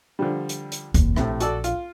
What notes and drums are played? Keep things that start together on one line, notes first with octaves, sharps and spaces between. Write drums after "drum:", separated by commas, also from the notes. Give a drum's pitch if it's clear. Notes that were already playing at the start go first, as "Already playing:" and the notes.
D3 F3 G3
drum: hi-hat
drum: hi-hat
F1 D#2, drum: kick C2, hi-hat
A#1 A2 C3 A3, drum: rim click
F#4 A4 D5, drum: hi-hat
F4, drum: hi-hat